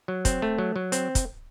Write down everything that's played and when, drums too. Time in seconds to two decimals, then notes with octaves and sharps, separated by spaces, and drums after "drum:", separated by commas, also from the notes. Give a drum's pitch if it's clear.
0.08 F#3
0.25 C4, drum: kick, hi-hat
0.42 A3
0.58 F#3
0.76 F#3
0.92 C4, drum: hi-hat
1.15 drum: kick, hi-hat